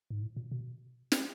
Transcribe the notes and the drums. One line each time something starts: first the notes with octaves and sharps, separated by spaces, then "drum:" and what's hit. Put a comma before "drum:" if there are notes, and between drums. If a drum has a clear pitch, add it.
G#2
A2
A#2
B2
drum: snare